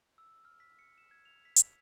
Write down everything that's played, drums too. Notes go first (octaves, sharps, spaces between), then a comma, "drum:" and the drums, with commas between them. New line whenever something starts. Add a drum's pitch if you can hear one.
E6
F6
B6
C#7
E7
G#6
F7
B6
drum: hi-hat